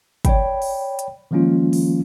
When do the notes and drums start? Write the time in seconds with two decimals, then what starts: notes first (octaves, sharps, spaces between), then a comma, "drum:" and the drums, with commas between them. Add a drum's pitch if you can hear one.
0.25 C#5 D5 G5 B5, drum: kick, hi-hat
0.62 drum: open hi-hat
0.99 drum: hi-hat
1.31 D#3 F3 G#3 A#3 C#4 F4
1.73 drum: open hi-hat